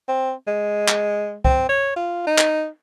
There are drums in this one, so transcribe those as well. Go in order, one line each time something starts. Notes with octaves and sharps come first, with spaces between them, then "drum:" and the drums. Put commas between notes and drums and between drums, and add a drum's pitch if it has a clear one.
C4
G#3
drum: clap
C4, drum: kick C2
C#5
F4
D#4
drum: clap